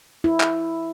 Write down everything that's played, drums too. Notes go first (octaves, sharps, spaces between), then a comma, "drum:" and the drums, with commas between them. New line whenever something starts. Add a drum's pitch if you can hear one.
E4
drum: clap